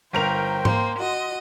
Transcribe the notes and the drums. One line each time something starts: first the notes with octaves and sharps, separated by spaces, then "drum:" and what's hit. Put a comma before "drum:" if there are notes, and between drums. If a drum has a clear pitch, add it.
G1 A#4 C5 G5 F7
A#3 C6, drum: tom G#2
F#4 D#5